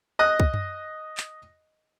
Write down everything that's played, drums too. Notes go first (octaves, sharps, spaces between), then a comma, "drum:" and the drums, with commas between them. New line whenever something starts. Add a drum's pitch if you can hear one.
D#5 D#6 F#6
drum: kick
drum: tom F#2
drum: clap